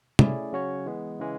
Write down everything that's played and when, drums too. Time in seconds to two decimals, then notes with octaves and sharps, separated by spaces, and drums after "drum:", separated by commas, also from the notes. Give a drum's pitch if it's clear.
0.19 A3 C#4 E4 G#4 D5, drum: tom
0.53 C#3 F#3 C#4 F#4 C#5
0.86 E3 G#3 B3
1.20 C#3 E3 G#3